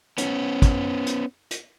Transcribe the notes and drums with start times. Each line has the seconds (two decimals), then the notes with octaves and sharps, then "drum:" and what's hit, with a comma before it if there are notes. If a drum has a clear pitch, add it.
0.18 B3 C#4, drum: hi-hat
0.62 drum: kick, hi-hat
1.06 drum: hi-hat
1.51 drum: hi-hat